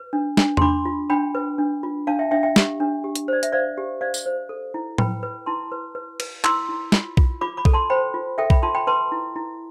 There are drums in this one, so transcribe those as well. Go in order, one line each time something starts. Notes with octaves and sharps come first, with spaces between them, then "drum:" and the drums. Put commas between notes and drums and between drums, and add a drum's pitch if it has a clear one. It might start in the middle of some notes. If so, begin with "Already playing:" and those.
Already playing: B4
D4
D4, drum: snare
C6, drum: tom E2
D4 B5 D6
F4
D4 G5 B5
B4
D4
F4
D4 F5 A5
E5 G5
D4 E5 G5
E5 G5
G4, drum: snare
D4
G4
drum: hi-hat
C5 D5
E5, drum: hi-hat
C5 D5 F5
G4
C5 D5 F5
drum: tambourine
C5
A4
E4
B4 G5 B5, drum: tom A2
B4
E4 A5 C6
B4
B4
B4, drum: cymbal
E4 C6 E6, drum: clap
E4
F4, drum: snare
F4, drum: kick B1
F4 B5 D6
B5 D6
A4, drum: kick B1
A5 C6
C5 G5 B5
F4
A4 E5 G5
G5 B5, drum: kick B1
F4 A5 C6
G5 B5
B4 A5 C6
E4
E4